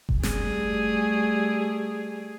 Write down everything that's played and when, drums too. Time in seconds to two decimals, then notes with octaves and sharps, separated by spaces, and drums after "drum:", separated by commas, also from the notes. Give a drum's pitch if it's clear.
0.09 drum: kick F#1
0.23 G3 A3 G#4, drum: snare